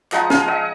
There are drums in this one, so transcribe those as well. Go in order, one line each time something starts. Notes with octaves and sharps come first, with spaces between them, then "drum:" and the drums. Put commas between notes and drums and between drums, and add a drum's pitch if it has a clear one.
F3 G#3 D#4 D#5 F#5, drum: clap
F5 G#5, drum: snare
D#5 F#5